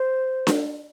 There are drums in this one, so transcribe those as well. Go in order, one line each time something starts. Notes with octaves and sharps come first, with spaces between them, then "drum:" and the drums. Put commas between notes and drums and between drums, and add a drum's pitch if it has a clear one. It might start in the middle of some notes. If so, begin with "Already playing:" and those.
Already playing: C5
drum: snare D4